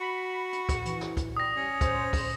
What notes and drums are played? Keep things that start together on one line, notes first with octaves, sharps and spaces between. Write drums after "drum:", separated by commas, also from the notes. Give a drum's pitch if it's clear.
F#4 B5
drum: hi-hat
drum: kick, hi-hat
E3, drum: hi-hat
drum: snare
drum: kick, hi-hat
G3 D#6 A#6
C#4
C5, drum: kick, hi-hat
drum: kick, open hi-hat